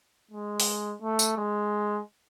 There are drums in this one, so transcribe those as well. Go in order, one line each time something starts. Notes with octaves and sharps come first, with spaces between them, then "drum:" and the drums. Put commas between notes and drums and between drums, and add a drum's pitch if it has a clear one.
G#3
drum: open hi-hat
A3
drum: tambourine
G#3